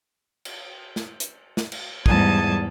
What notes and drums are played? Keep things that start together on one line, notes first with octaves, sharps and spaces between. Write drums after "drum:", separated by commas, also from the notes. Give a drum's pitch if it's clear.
drum: cymbal
drum: snare
drum: hi-hat
drum: snare
drum: cymbal
E2 G#2 G3 A5 D#6 G#6, drum: kick